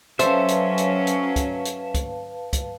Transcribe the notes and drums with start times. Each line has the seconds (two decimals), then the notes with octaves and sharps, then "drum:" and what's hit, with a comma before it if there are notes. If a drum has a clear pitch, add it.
0.19 F#3 C#4 A4 B4 C5 E5 F5 A5, drum: hi-hat
0.48 drum: hi-hat
0.78 drum: hi-hat
1.07 drum: hi-hat
1.36 drum: kick, hi-hat
1.65 drum: hi-hat
1.94 drum: kick, hi-hat
2.53 drum: kick, hi-hat